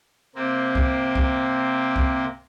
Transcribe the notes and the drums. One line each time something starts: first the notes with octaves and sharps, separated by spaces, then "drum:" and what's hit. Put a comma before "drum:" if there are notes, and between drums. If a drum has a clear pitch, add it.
C3 A#3 C4
drum: kick C2
drum: kick C2
drum: kick C2